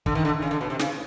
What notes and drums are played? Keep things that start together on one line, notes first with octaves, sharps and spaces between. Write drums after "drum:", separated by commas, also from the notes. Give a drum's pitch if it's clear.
D3, drum: kick
D#3
D3
C#3
D3
B2
C3
C#3, drum: snare